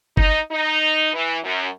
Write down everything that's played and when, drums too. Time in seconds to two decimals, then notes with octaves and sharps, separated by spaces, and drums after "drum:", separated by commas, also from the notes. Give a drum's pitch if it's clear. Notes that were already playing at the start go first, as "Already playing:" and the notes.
0.17 D#4, drum: kick G1
0.51 D#4
1.14 E3
1.44 F#2